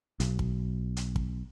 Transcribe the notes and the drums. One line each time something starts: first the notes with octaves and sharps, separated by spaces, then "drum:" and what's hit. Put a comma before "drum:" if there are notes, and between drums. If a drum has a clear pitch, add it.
B1, drum: hi-hat
drum: kick
drum: hi-hat
drum: kick